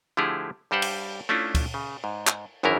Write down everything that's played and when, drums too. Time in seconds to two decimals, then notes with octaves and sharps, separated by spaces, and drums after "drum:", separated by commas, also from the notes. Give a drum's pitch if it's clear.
0.17 D3 F3 A3 E4 G4 G#4
0.71 G2 G3 G4 C5 F#5
0.82 drum: cymbal
1.29 A3 C#4 D4 E4 F4
1.55 drum: kick D2, cymbal
1.74 C#3
2.04 G#2
2.27 drum: clap
2.63 G#1 F#2 D#3 E3 E4 A#4